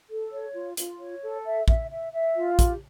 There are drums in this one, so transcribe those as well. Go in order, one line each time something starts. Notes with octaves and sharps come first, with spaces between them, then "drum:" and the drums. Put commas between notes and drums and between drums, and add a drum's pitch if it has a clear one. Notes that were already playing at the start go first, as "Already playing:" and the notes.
A4
C#5
F4
F4, drum: hi-hat
C#5
A4
E5
E5, drum: kick
E5
E5
F4
G4, drum: kick, hi-hat